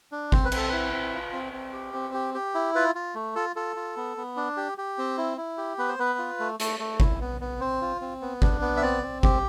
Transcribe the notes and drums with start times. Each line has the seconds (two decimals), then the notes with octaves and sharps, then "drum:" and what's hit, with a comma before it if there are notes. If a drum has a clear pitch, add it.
0.12 D4
0.32 C4 C5, drum: kick G1
0.45 B4
0.52 C4 A4, drum: cymbal
0.69 E4 B4
0.92 C4
1.14 F4
1.33 C4
1.53 C4
1.73 G4
1.94 C4
2.14 G4
2.34 G4
2.55 E4
2.75 F4 B4
2.95 F4
3.15 A3
3.35 F4 A4
3.56 F4 A4
3.76 F4
3.97 B3
4.17 B3
4.36 D4
4.57 G4
4.78 G4
4.98 C4
5.18 E4
5.38 E4
5.58 G4
5.78 B3 B4
5.89 C5
5.99 B3 B4
6.19 F4
6.40 A3
6.60 A3, drum: hi-hat
6.80 A3
7.00 E4, drum: kick G1
7.21 B3
7.41 B3
7.60 C4 C5
7.82 F4
8.01 C4
8.22 B3
8.42 D4, drum: kick G1
8.61 B3
8.77 E5
8.82 C4 D5
9.03 C4
9.23 G4, drum: kick G1